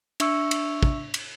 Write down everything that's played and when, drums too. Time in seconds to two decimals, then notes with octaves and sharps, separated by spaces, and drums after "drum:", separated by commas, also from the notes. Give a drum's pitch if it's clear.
0.20 D4 E5 C#6 E6 C#7, drum: cymbal
0.51 drum: cymbal
0.83 drum: kick
1.14 drum: cymbal